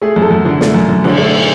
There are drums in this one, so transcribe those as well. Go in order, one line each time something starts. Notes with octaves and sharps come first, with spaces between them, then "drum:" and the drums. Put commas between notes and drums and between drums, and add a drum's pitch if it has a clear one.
A3 G#4
F#2
A4
F#2
D3
A3, drum: snare
F#2
F#2
D3, drum: cymbal
A3